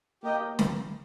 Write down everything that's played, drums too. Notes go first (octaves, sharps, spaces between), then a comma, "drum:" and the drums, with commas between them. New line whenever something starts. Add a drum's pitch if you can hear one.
A#3 G4 A#4 D#5 G5
drum: snare